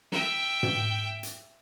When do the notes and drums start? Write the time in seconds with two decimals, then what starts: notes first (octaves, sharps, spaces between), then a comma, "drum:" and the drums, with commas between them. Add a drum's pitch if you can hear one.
0.12 E5 G5, drum: snare
0.63 drum: tom
1.23 drum: hi-hat